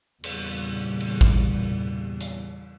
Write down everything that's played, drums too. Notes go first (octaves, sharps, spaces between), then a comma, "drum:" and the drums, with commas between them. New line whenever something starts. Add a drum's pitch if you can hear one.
E2 A#2 C#3 G3, drum: cymbal
drum: cymbal
drum: kick
drum: hi-hat